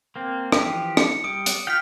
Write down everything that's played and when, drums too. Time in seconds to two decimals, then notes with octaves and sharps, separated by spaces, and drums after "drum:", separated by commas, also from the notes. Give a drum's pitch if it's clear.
0.16 A#3 C4
0.52 E3 F3 G4, drum: rim click
0.97 C#7, drum: rim click
1.24 G3 D#6 D7
1.46 drum: hi-hat
1.67 F4 F5 G5 F6 B6